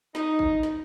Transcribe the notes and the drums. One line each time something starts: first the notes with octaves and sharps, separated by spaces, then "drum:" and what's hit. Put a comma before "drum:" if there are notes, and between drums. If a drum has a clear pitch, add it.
D#4, drum: snare
drum: kick
drum: snare